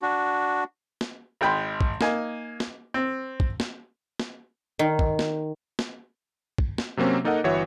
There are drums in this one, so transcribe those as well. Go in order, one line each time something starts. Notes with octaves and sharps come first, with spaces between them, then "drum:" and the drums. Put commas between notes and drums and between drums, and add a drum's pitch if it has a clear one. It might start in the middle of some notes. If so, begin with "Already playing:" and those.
D4 F#4
drum: snare
G#1 G#3 G5 B5
drum: kick
A#3 D#4 G#5, drum: snare
drum: snare
C4
drum: kick
drum: snare
drum: snare
D#3
drum: kick
drum: snare
drum: snare
drum: kick
drum: snare
C3 F#3 A#3 C4 C#4
A#3 D#4 A4 A#4 D#5 F#5
G1 E3 F#4 C#5 E5